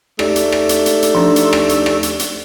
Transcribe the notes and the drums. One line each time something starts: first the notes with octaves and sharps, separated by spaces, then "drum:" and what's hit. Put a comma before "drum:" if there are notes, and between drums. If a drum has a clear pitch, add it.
A3 D#4 G4 D5, drum: rim click
drum: hi-hat
drum: rim click
drum: hi-hat
drum: hi-hat
drum: hi-hat
F3 D4
drum: hi-hat
drum: rim click
drum: hi-hat
drum: rim click
drum: hi-hat
drum: hi-hat